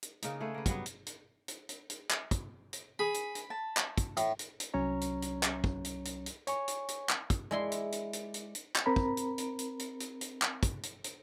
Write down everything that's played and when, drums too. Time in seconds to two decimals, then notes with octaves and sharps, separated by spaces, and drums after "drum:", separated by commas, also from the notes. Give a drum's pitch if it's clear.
0.03 drum: hi-hat
0.22 C#3 A#3 D#4, drum: hi-hat
0.40 A3 G#4 B4 E5
0.54 A#3 B4
0.66 F#3 G3 B3, drum: kick, hi-hat
0.86 drum: hi-hat
1.07 drum: hi-hat
1.48 drum: hi-hat
1.69 drum: hi-hat
1.90 drum: hi-hat
2.10 drum: clap
2.31 drum: kick, hi-hat
2.73 drum: hi-hat
2.99 G#4 B5
3.14 drum: hi-hat
3.35 drum: hi-hat
3.50 A5
3.77 drum: clap
3.98 drum: kick, hi-hat
4.17 A2, drum: hi-hat
4.39 drum: hi-hat
4.60 drum: hi-hat
4.74 C2 F#3 C#4 C#5 A#5
5.01 drum: hi-hat
5.22 drum: hi-hat
5.43 drum: clap
5.64 drum: kick
5.85 drum: hi-hat
6.05 drum: hi-hat
6.26 drum: hi-hat
6.47 C#5 G#5 C#6, drum: hi-hat
6.68 drum: hi-hat
6.88 drum: hi-hat
7.09 drum: clap
7.30 drum: kick, hi-hat
7.51 G#3 E4 D5 C6
7.72 drum: hi-hat
7.92 drum: hi-hat
8.13 drum: hi-hat
8.34 drum: hi-hat
8.55 drum: hi-hat
8.76 drum: clap
8.86 C4 A#4 A#5 B5
8.96 drum: kick
9.17 drum: hi-hat
9.38 drum: hi-hat
9.59 drum: hi-hat
9.79 drum: hi-hat
10.00 drum: hi-hat
10.21 drum: hi-hat
10.42 drum: clap
10.63 drum: kick, hi-hat
10.83 drum: hi-hat
11.04 drum: hi-hat